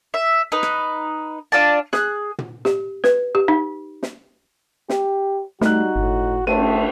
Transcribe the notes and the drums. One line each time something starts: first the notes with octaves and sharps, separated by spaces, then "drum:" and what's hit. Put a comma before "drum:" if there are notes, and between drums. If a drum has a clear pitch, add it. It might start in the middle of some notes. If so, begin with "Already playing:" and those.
E5
D#4 B4
drum: rim click
D4 F4 D5 A5
G#4 F#6, drum: snare
drum: tom
G4, drum: snare
B4, drum: snare
G4
D#4
drum: snare
G4, drum: snare
G3 A3 D#4 F#4 F#6, drum: snare
G1 A2
A3 A4 D#7, drum: cymbal